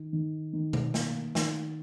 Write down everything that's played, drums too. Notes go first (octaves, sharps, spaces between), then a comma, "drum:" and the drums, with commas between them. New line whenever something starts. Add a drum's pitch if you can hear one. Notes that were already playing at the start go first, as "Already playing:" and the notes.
Already playing: D#3
D#3
D#3
drum: tom B2
A#3, drum: snare
D#3, drum: snare